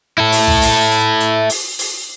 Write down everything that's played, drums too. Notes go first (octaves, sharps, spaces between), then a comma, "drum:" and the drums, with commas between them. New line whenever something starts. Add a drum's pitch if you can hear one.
E4 A4
drum: open hi-hat
drum: tom
drum: open hi-hat
drum: hi-hat
drum: hi-hat
drum: open hi-hat
drum: open hi-hat